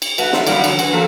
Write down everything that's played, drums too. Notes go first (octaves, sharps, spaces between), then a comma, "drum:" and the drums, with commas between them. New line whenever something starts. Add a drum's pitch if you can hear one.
drum: cymbal
A3 F#4 B4 E5, drum: cymbal
F#3 A3 D#4 F4 E5, drum: snare
F#2 C3 G3 A#3 F#4 D5, drum: cymbal
D3 F#3, drum: cymbal
F#4 G#4 B4, drum: cymbal
F3 A#3 F#4 A4 A#4